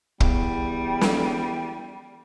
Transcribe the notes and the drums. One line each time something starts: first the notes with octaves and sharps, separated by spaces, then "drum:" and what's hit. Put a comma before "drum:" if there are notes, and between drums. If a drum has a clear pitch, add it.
E2 G3, drum: kick
drum: snare